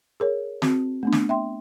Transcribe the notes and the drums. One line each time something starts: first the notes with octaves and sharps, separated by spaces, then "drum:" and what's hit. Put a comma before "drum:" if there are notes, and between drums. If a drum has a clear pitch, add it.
G#4 A#4 C#5
C4 F#4, drum: snare
A3 B3 D4
drum: snare
E5 G5 C6